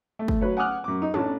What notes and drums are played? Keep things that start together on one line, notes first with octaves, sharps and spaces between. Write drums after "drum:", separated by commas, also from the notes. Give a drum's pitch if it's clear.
A3
drum: kick
F#3 B4 C#5
F#5 G#5 D6 D#6 F6 F#6
F#2 D6
D#4
A1 D4 C#5 A5, drum: tom